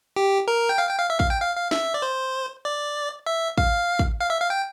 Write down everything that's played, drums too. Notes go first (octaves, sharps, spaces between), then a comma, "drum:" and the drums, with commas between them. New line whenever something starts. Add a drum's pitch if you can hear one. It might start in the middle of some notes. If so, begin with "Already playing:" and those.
G4
A#4
G5
F5
G5
F5
E5
F5, drum: kick
G5
F5
F5
E5, drum: snare
D5
C5
D5
E5
F5, drum: kick
drum: kick
F5
E5
F5
G5